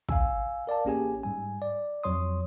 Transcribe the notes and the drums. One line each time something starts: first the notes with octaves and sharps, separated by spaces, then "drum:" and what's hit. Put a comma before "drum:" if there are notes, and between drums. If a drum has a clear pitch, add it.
F5 G#5 E6, drum: kick
A#4 D5 F5 A5
A1 A#3 C#4 G4 G#4 G#5
G#2 G3 G#5
D5
F2 F#3 C#5 C6 D#6